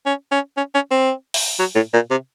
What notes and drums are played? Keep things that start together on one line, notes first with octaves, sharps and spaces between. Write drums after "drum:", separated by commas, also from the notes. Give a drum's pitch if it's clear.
C#4
C#4
C#4
C#4
C4
drum: open hi-hat
F#3
A2
A#2
C3